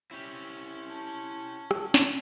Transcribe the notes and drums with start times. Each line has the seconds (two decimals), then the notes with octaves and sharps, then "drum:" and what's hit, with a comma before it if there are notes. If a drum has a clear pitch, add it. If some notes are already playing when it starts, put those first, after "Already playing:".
0.11 C#4 E4 G4
0.88 A5
1.71 drum: rim click
1.94 drum: snare